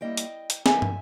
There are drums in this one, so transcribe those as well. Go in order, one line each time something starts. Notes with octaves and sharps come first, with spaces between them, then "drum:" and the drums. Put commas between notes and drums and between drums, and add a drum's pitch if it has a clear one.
G3 A#3 E4 D#5 G5
drum: hi-hat
drum: hi-hat
D#3 G3 B3 D#4 E5 G#5, drum: snare
drum: tom